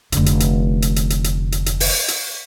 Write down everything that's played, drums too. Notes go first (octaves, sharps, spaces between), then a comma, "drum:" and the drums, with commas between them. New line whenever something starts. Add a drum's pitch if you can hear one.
F1 D3, drum: hi-hat
drum: hi-hat
drum: hi-hat
drum: hi-hat
drum: hi-hat
drum: hi-hat
drum: hi-hat
drum: hi-hat
drum: hi-hat
drum: open hi-hat
drum: hi-hat